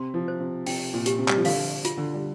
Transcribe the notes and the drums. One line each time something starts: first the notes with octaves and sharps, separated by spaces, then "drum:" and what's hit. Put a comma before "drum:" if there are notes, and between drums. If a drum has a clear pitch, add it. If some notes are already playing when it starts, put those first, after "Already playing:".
Already playing: C3 C6
F3
C5
C3
C3 G5, drum: open hi-hat
A#2
G4, drum: hi-hat
C3
G3, drum: clap
F3
D3 F5, drum: open hi-hat
F4, drum: hi-hat
D3
G3